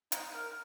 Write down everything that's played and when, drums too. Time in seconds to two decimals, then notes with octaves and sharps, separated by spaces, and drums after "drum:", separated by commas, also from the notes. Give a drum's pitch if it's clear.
0.12 D#4, drum: hi-hat
0.34 A#4